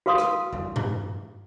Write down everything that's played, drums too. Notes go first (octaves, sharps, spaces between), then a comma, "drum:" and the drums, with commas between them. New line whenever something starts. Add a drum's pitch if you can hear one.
F#4 B4 F5 C6 D#6
drum: rim click
drum: tom F2
drum: tom G2